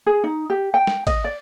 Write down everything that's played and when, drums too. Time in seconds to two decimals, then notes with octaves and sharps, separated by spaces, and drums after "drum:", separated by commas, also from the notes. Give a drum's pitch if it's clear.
0.06 G#4
0.24 D#4
0.50 G4
0.74 G5
0.87 drum: snare
1.07 D#5, drum: kick, cymbal
1.24 D5